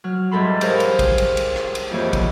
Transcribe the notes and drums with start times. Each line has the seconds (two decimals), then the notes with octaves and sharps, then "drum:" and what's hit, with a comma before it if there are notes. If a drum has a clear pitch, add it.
0.04 F#3 F6
0.31 E2 G#2 G3 A4 B5 C6
0.61 G4 G#4 A#4 C5 C#5 F5, drum: cymbal
0.80 drum: cymbal
0.99 drum: kick, cymbal
1.18 drum: cymbal
1.37 drum: cymbal
1.56 drum: rim click
1.75 drum: cymbal
1.91 F2 G#2 E3 A#3 G4 C#5
2.13 drum: kick, cymbal